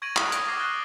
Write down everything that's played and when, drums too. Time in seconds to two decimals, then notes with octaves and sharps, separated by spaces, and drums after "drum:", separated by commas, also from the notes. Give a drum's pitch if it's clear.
0.02 C#6 G#6 A#6 D7 D#7 F#7
0.16 C#6 D#6 F6 F#6 F7 F#7, drum: clap
0.32 D7, drum: hi-hat
0.48 D6 D#6 G#6 A#6 C7
0.60 F#6 A6 G7